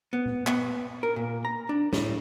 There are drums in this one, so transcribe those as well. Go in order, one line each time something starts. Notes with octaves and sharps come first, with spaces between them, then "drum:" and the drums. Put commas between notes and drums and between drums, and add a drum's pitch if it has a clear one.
B3
drum: tom A#2
B3, drum: clap
A#4
A#2
A#5
D4
A2, drum: snare